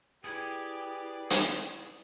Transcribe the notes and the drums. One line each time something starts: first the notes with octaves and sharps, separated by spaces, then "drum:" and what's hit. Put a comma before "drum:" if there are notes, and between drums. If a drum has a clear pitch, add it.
E4 G4 G#4 B4 D5
drum: hi-hat